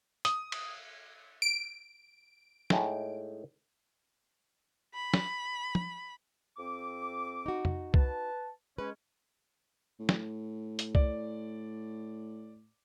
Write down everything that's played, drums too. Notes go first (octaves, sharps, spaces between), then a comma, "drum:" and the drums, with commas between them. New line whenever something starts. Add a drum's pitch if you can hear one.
D#6, drum: hi-hat
drum: cymbal
D7
A2 G#3 D#4, drum: snare
B5
drum: snare
drum: tom
F2 C4 D6
D#4 F#4
drum: tom F2
B4 A5, drum: kick C2
G#3 C#4 B4
A2
drum: snare
drum: hi-hat
D5, drum: kick C2